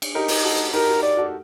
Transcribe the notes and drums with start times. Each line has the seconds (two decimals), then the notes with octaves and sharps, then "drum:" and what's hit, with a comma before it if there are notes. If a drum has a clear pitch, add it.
0.02 drum: cymbal
0.15 D#4 G4 A#4
0.28 drum: open hi-hat
0.44 F#4 A4
0.73 D#4 G4 A#4
0.89 F#4
1.03 D5
1.17 F#4 A4